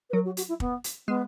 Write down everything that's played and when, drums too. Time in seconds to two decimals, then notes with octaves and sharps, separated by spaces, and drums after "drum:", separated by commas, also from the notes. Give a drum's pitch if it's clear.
0.10 B4
0.13 F#3 A#4
0.25 F#4
0.37 F#4, drum: hi-hat
0.48 E4
0.60 B3, drum: kick
0.84 drum: hi-hat
1.07 G#3 B3